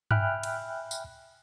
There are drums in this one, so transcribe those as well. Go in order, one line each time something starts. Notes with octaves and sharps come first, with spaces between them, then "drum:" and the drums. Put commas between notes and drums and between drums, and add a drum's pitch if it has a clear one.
E5 G5 G#5 B5 F6 F#6, drum: tom G2
drum: cymbal
drum: tambourine